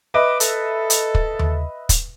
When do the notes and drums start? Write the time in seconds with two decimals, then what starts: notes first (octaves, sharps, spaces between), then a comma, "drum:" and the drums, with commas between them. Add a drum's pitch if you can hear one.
0.14 B4 D#5 E5 D6
0.40 A4, drum: hi-hat
0.90 drum: hi-hat
1.15 drum: kick
1.39 drum: tom D#2
1.89 drum: kick, hi-hat